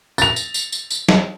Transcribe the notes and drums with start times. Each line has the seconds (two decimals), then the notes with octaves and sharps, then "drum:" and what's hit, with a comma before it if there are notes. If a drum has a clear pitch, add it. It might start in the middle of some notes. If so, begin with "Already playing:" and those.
0.18 A6 F7, drum: tambourine
0.36 drum: tambourine
0.54 drum: tambourine
0.72 drum: tambourine
0.90 drum: tambourine
1.09 drum: snare